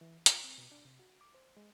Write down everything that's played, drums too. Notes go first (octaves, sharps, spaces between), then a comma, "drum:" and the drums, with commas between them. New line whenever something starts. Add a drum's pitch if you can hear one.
E3
F4, drum: hi-hat
C4
B2
D4
C3
F#4
D6
C5
G#3